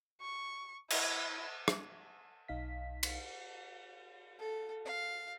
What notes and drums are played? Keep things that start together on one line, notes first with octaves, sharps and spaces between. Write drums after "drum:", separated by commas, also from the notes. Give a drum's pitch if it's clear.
C#6
E4, drum: cymbal
drum: rim click
B1 D#4 F5 B6
drum: cymbal
A4
F5